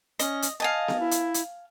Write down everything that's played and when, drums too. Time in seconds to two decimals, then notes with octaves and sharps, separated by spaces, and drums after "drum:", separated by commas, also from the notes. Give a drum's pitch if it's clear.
0.19 C#4 D#5, drum: hi-hat
0.42 drum: hi-hat
0.60 D#5 F5 G#5 A5
0.88 drum: snare B3
1.00 E4
1.11 drum: hi-hat
1.34 drum: hi-hat